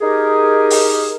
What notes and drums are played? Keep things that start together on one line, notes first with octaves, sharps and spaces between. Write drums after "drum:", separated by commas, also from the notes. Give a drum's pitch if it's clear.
D#4 G4 G#4 A#4
drum: open hi-hat